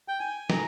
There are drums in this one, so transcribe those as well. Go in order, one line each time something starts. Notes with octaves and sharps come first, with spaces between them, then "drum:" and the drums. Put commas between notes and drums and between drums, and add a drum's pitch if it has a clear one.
G5
G#5
A#5, drum: snare